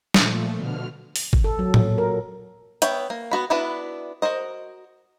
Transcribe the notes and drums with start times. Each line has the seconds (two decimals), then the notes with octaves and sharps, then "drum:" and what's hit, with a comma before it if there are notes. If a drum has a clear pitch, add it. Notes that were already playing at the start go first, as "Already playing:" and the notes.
0.14 A#2 F3 A3, drum: snare
0.56 B2 D3 F6
1.16 drum: open hi-hat
1.33 drum: kick G1
1.44 A4
1.59 F#3
1.74 A#2, drum: tom A2
1.98 A#4
2.82 B3 C#5 E5 G5, drum: hi-hat
3.10 A#3
3.31 B3 F#4 B5
3.50 B3 D4 E4 F#4 B4
4.22 F#4 A#4 C5 D#5